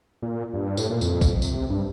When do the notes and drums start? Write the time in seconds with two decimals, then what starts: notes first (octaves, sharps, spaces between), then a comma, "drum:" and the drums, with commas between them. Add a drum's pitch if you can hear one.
0.22 A#2
0.53 G2
0.77 A2, drum: tambourine
0.90 A#2
1.01 F2, drum: tambourine
1.21 drum: kick A#1, tambourine
1.42 C3, drum: tambourine
1.70 G2